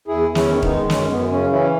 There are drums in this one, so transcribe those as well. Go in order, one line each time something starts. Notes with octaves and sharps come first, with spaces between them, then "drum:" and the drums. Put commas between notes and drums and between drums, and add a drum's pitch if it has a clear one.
E2 E4 G#4
E2
C#4 E4, drum: snare
D#3
C#4
B3 D#4, drum: kick
G#3
F#2 C#4, drum: snare
F#2 B3
C#3 C#4
E3 C#4 E4